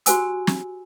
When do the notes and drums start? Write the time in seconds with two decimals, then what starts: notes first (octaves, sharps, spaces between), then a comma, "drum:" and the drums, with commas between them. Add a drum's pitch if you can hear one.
0.06 F#4 G4 C5 G#5 E6, drum: hi-hat
0.47 drum: snare